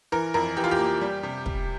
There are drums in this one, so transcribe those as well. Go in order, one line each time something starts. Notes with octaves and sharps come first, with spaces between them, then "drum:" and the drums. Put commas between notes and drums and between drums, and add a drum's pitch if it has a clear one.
E3 A#4
F2 A#4
E3 G4
F4
G4
A#3
G3
C3
drum: kick